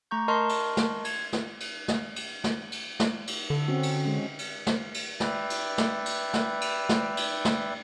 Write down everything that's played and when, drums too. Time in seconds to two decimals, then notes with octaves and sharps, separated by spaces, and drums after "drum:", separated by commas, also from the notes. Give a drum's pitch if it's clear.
0.11 A3 A#5 C#6 G6
0.28 A#4 D#5 A5 C6 C#6 F6
0.49 drum: cymbal
0.77 drum: snare
1.05 G#6, drum: cymbal
1.33 drum: snare
1.60 drum: cymbal
1.88 drum: snare
2.16 drum: cymbal
2.44 drum: snare
2.72 drum: cymbal
3.00 drum: snare
3.27 drum: cymbal
3.50 D3 A4
3.68 C4 C#4 F#4
3.83 drum: cymbal
4.05 G#3 C#4
4.39 drum: cymbal
4.66 drum: snare
4.94 drum: cymbal
5.20 B4 D5 E5 G5, drum: snare
5.50 drum: cymbal
5.78 drum: snare
6.06 drum: cymbal
6.33 drum: snare
6.61 drum: cymbal
6.89 drum: snare
7.17 drum: cymbal
7.45 drum: snare